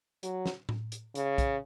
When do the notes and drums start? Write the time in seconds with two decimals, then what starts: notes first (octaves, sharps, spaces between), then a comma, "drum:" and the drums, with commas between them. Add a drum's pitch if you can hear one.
0.23 F#3, drum: hi-hat
0.46 drum: snare
0.69 drum: tom A2
0.92 drum: hi-hat
1.15 C#3, drum: hi-hat
1.38 drum: kick, hi-hat